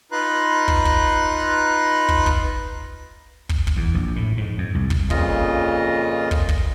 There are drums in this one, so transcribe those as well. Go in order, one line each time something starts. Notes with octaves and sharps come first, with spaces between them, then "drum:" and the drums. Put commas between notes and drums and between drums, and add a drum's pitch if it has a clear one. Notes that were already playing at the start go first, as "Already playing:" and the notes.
D#4 F4 B4 A#5 C6 F#6
drum: kick
drum: kick
drum: kick
drum: kick
drum: kick
drum: kick
E2
A#1
A2
G#2
F2
C2
drum: kick
F2 A#2 C#3 F4 D#5, drum: kick
drum: kick
drum: kick